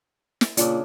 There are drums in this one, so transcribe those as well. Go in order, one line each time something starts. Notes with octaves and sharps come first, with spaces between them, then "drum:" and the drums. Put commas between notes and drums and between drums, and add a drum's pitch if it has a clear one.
drum: snare
A#2 C#3 D4 D5, drum: hi-hat